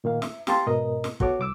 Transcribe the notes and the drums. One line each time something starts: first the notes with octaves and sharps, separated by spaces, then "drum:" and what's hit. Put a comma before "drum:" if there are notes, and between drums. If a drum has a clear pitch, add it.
A#2 D#3 A#3 F5
E5, drum: snare
C4 G4 F5 A5 C6, drum: snare
G#2 B2 A#4 D#5
drum: snare
B3 F#4 A4 C#5 D6, drum: kick
C2 D6 E6